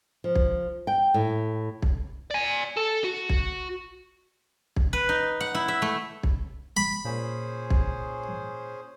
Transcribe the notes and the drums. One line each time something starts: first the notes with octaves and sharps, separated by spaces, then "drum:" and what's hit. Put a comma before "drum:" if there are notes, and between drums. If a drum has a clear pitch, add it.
F3
drum: kick
G5
A2
drum: kick
D5 G#5
A4
F#4
drum: kick
drum: kick
B4
D#4
F#5
E4
E5
A3
drum: kick
B5
A#2 C#4 G#4 C5
drum: kick